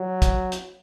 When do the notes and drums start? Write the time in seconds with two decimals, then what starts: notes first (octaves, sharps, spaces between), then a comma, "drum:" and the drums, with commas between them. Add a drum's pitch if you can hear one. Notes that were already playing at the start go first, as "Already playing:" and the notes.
Already playing: F#3
0.22 drum: kick, hi-hat
0.52 drum: hi-hat